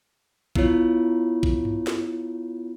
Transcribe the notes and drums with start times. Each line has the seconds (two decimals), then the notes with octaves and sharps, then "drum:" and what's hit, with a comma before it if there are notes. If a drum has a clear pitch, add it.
0.56 B3 E4 F4 C#5, drum: kick A#1
1.43 drum: kick A#1
1.65 drum: tom G2
1.87 drum: snare